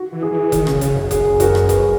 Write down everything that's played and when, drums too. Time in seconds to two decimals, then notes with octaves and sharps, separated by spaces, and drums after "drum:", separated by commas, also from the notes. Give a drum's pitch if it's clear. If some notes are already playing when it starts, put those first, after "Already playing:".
Already playing: F#4
0.12 E3
0.22 G#4
0.32 E3
0.52 D#3, drum: kick F1, hi-hat
0.67 C#3, drum: rim click
0.81 C#3, drum: kick F1, hi-hat
0.96 F#2
1.11 G#4, drum: kick F1, hi-hat
1.40 F#4 A#4, drum: kick F1, hi-hat
1.55 drum: rim click
1.69 G#4 B4, drum: kick F1, hi-hat